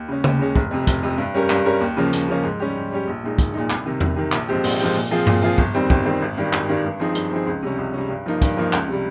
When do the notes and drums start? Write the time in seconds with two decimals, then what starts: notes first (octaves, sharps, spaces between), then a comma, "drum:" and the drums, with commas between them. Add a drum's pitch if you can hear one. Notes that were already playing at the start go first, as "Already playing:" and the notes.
Already playing: D#2
0.08 C#3 G#3 C#4
0.24 D#2, drum: tom C#3
0.39 C#3 G#3 C#4
0.56 F1, drum: kick
0.71 F2 C3
0.87 F1, drum: kick, hi-hat
1.03 F2 C3
1.18 G2
1.34 G3 C#4 G4 A#4
1.50 G2, drum: clap
1.65 G3 C#4 G4 A#4
1.80 D#2
1.97 C#3 F3 A#3 C#4
2.13 D#2, drum: hi-hat
2.28 C#3 F3 A#3 C#4
2.43 G#2
2.60 G3 C#4 G4
2.76 G#2
2.91 G3 C#4 G4
3.07 A#1
3.23 A#2 G#3 D#4
3.38 A#1, drum: kick, hi-hat
3.54 A#2 G#3 D#4
3.70 C2, drum: clap
3.85 C3 D#3
4.01 C2, drum: tom E2
4.16 C3 D#3
4.32 A#1, drum: clap
4.49 G#2 F3 C4 G4
4.64 A#1, drum: open hi-hat
4.80 G#2 F3 C4 G4
4.95 A#2
5.11 F3 C4 F4 G#4
5.27 A#2, drum: tom G2
5.42 F3 C4 F4 G#4
5.58 G1, drum: kick
5.74 F2 D#3 G3 C4
5.90 G1, drum: kick
6.05 F2 D#3 G3 C4
6.22 G#1
6.37 G2 D#3 G3
6.53 G#1, drum: clap
6.69 G2 D#3 G3
6.85 G2
7.00 F3 C4 D#4 G#4
7.15 G2, drum: hi-hat
7.31 F3 C4 D#4 G#4
7.46 C#2
7.63 C3 G3 C#4
7.78 C#2
7.93 C3 G3 C#4
8.09 G2
8.26 F3 A#3 D#4
8.42 G2, drum: kick, hi-hat
8.57 F3 A#3 D#4
8.73 C#2, drum: clap
8.88 C3 G3